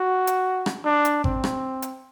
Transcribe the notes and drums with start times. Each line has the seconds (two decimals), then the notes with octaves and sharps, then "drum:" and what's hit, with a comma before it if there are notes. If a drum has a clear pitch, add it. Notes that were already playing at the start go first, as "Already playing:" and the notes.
Already playing: F#4
0.27 drum: hi-hat
0.66 drum: rim click
0.85 D4
1.05 drum: hi-hat
1.24 C4, drum: kick G#1
1.44 drum: rim click
1.82 drum: hi-hat